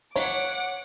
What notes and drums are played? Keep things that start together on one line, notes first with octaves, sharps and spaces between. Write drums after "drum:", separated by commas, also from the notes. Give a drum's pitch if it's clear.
C#5 F#5 D6, drum: open hi-hat